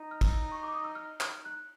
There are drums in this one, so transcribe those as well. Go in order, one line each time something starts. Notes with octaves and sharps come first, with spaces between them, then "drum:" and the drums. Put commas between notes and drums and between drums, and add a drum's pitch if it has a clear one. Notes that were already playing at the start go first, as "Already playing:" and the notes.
Already playing: D#4
F6
E6, drum: kick, cymbal
C#6
D6
D#6
E6
F6
F6, drum: clap
F#6